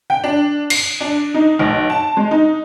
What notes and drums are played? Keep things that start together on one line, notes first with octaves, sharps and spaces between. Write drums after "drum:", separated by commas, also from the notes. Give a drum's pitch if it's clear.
G5
D4
C7, drum: cymbal
D4
D#4
B1
A5
G#3
D#4